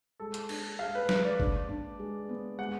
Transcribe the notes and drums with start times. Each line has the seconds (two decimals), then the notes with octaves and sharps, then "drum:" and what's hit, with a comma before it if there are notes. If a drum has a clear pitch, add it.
0.20 G#3 A4
0.34 drum: hi-hat
0.49 D4, drum: cymbal
0.79 G#3 F5
0.95 B4
1.09 G#3 B4, drum: snare
1.25 D5
1.40 D4, drum: kick G#1
1.69 D4
1.99 G#3
2.29 B3
2.59 G#3 F#5